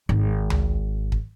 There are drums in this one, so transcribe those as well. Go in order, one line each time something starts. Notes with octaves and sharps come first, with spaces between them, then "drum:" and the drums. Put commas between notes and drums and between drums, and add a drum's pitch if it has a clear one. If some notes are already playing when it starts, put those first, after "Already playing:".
G#1
drum: tom C#2
drum: kick